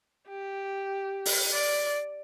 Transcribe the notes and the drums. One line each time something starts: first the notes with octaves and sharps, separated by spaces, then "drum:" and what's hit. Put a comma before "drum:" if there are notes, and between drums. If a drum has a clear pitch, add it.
G4
drum: open hi-hat
D5